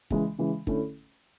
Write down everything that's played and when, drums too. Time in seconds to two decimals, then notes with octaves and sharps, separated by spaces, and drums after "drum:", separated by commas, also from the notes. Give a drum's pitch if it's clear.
0.10 C#3 E3 G#3, drum: kick
0.39 C#3 E3 G#3
0.67 D3 A3 C#4 E4, drum: kick